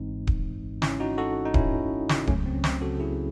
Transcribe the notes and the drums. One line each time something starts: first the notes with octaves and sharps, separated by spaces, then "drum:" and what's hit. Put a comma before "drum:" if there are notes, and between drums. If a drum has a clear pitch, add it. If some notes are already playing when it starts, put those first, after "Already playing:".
Already playing: G#1 G#2 E3 G#3 C4 D#4
drum: kick D1
C#4 E4, drum: snare
D#4 F#4
F#4 A4
D#4
C#4 E4, drum: kick D1
drum: snare
C#2 C#3 F#3 A3 C#4, drum: kick D1
C4
C#4
C4, drum: snare
F#4 A4
E4 G#4